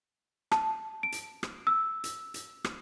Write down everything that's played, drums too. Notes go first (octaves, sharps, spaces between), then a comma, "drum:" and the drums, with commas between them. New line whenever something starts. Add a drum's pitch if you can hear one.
A5, drum: rim click
D7
drum: hi-hat
drum: rim click
E6
drum: hi-hat
drum: hi-hat
drum: rim click